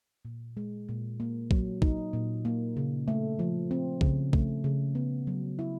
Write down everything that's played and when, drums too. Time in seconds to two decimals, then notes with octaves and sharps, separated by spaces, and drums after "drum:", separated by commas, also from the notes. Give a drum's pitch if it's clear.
0.25 A#2
0.57 G#3
0.89 A#2
1.20 A#3
1.51 F#3, drum: kick
1.82 D#4, drum: kick
2.13 A#2
2.45 A#3
2.77 C#3
3.08 A3
3.39 F3
3.71 C4
4.01 C#3, drum: kick
4.33 A3, drum: kick
4.64 C#3
4.95 B3
5.27 F#3
5.59 E4